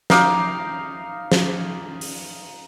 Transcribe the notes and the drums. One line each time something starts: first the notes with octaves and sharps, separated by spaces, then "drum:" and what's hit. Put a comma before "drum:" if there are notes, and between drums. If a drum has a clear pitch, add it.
D#4 F5 D6, drum: snare
drum: snare
drum: open hi-hat